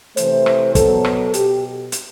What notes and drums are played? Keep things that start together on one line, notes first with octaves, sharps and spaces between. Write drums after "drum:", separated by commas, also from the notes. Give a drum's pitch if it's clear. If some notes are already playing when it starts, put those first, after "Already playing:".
C3 E3 A3 C5, drum: hi-hat
drum: rim click
B2 F#3 B3 A4, drum: kick, hi-hat
drum: rim click
B2 G4, drum: hi-hat
drum: hi-hat